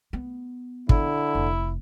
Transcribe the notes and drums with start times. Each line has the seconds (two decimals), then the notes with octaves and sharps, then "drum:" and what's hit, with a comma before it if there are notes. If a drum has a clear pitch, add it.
0.13 B3
0.89 D3 E4, drum: kick
1.35 F1